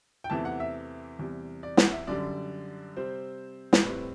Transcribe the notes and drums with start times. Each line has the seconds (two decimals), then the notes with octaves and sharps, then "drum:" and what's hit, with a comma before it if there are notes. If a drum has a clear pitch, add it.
0.24 G5
0.30 E2 C3 E3 A3 A5
0.45 F#5
0.60 E5
1.19 E2 C3 G3
1.63 D5
1.77 F#5, drum: snare
1.92 E5
2.07 F#2 D3 G3 D5
2.96 C3 G3 C4 C5
3.73 drum: snare
3.84 A2 G3 C4 B4